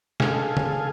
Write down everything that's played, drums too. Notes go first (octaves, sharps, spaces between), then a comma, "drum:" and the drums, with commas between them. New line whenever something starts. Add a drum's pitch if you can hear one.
G#4 A4 F5 G#5, drum: snare
drum: tom